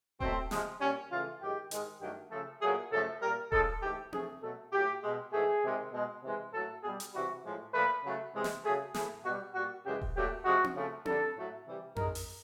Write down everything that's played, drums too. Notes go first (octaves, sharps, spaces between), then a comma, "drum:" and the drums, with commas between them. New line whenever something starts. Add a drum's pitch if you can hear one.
B2 F#3 A3 C4, drum: kick D#1
C3 F3 G#3, drum: snare
A#2 G3 C#4
C#3 E3 A3 F4
F#2 D#3 G#3 G4
G#2 D#3 G#3, drum: hi-hat
G2 D#3 F#3 A3 G4
C#3 F3 A3 A4
A#2 F#3 A3 G#4
F#2 C#3 F3 A3 A4
A#2 G3 A#4
C#3 F3 G#3 A4, drum: kick D#1
G#2 E3 A3 G4
C3 E3 A3 G#4, drum: tom C4
B2 F#3 A3 A4
A2 F#3 A3 G4
B2 G#3
G#2 E3 A3 G#4
C3 D#3 G#3
B2 G#3
C3 E3 G#3
A2 F#3 A3 A4
B2 G3 G#4
drum: hi-hat
C3 E3 G3 F#4
A2 F3 G#3
A#2 F3 A3 B4
C#3 F#3 A3
C3 E3 G#3
drum: snare
C#3 F#3 A3 G#4
A2 E3 A3 G#4, drum: snare
B2 G3 F#4
A#2 G3 F#4
F#2 C#3 E3 G#3 G4
drum: kick D#1
A#2 F#3 A3 G4
C3 F3 G#3 F#4
drum: tom C4
C#3 F3 A3
F#2 D3 G3 A4, drum: tom C4
A2 F#3 A3
C3 E3 G3
G2 D#3 G#3 A#4, drum: tom F2
drum: open hi-hat